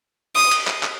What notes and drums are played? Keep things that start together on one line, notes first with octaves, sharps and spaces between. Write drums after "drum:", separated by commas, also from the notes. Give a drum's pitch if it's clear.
D#6
drum: cymbal
drum: clap
drum: clap